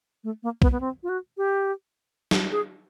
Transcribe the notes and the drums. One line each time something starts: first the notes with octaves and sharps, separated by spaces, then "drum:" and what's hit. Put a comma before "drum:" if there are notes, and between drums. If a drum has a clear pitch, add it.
A3
A#3
B3, drum: kick B1
B3
C4
F4
F#4
G4
drum: snare
G#4